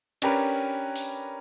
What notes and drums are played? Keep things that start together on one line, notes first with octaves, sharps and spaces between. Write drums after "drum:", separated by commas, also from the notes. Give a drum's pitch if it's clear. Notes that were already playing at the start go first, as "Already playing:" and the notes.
C#4 D4 G4 A#4 B4, drum: cymbal
drum: open hi-hat